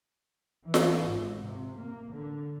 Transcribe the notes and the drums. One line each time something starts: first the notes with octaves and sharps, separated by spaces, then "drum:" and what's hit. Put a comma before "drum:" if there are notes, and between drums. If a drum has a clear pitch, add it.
E3
drum: snare F4
G#1
C3
A#3
D3